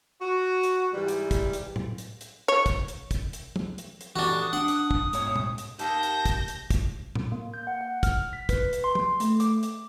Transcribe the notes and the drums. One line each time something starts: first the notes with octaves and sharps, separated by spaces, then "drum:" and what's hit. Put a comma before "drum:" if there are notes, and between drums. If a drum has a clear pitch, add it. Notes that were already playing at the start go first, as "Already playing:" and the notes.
F#4
drum: hi-hat
G#2 E3 G3
drum: hi-hat
drum: kick, hi-hat
drum: hi-hat
drum: tom A2
drum: hi-hat
drum: hi-hat
C#5
drum: kick, hi-hat
drum: hi-hat
drum: kick, hi-hat
drum: hi-hat
drum: tom
drum: hi-hat
drum: hi-hat
E3 D4 F#4 G4 A4
D#6
D4 F#5
drum: hi-hat
drum: kick
G#2 C#5, drum: hi-hat
drum: tom
drum: hi-hat
D#2 A5 G6 A#6, drum: hi-hat
drum: hi-hat
drum: kick, hi-hat
drum: hi-hat
drum: kick, hi-hat
drum: tom A2
A#3
G6
F#5
F#5
F6, drum: kick, hi-hat
B6
B4, drum: kick, hi-hat
drum: hi-hat
C6
drum: tom
A3, drum: hi-hat
D6, drum: hi-hat
drum: hi-hat